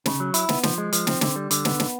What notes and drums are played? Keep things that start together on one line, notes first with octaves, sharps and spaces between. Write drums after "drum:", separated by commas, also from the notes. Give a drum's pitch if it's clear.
C#3, drum: snare
F#3
E4, drum: hi-hat
B3, drum: snare
F3, drum: snare
G#3
F3, drum: hi-hat
C4, drum: snare
D3, drum: snare
G3
D3, drum: hi-hat
B3, drum: snare
drum: snare